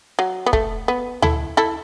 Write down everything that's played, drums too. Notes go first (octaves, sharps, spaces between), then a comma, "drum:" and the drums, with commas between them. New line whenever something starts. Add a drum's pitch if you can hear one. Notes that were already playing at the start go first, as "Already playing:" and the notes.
F#3
B3
A3, drum: kick
B3
E4 A4, drum: tom D2
E4 A4